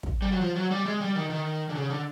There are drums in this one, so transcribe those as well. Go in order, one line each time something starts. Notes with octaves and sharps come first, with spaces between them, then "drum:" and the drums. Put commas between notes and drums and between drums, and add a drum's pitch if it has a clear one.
drum: kick
G3
F#3
F3
F#3
G3
G#3
G3
D#3
D#3
D3
C#3
D3